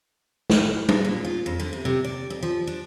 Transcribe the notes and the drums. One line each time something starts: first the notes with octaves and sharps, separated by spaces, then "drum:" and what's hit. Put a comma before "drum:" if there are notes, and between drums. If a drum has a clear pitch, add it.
drum: snare
G#3, drum: tom
A#2
F4
F2
D3
C3
C3
D5
F2
F3
D4